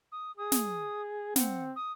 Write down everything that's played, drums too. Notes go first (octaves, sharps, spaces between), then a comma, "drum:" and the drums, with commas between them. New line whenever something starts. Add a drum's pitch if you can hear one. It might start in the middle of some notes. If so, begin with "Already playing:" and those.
D#6
G#4 D#6
drum: snare
C4 F#5, drum: snare
D#6